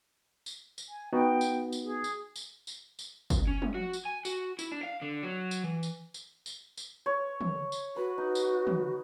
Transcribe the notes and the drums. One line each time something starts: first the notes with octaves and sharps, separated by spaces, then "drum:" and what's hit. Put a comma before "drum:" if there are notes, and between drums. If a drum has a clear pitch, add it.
drum: tambourine
drum: tambourine
G#5
B3 D#4 F#4 G5
drum: tambourine
drum: tambourine
G#4
drum: tambourine
drum: tambourine
drum: tambourine
drum: tambourine
drum: kick, tambourine
C#4
drum: tom
F#4
drum: tambourine
G#5
F#4, drum: tambourine
E4, drum: tambourine
D4
F5
D3
F#3
drum: tambourine
E3
drum: tambourine
drum: tambourine
drum: tambourine
drum: tambourine
C#5
drum: tom
drum: tambourine
F#4 B4
D#4
drum: tambourine
drum: tom